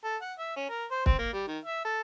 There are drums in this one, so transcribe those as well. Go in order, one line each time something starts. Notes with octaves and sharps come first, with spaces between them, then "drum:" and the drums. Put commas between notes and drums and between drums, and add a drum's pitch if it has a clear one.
A4
F#5
E5
C#4
A#4
C5
C4, drum: kick
A#3
G3
D#3
E5
A4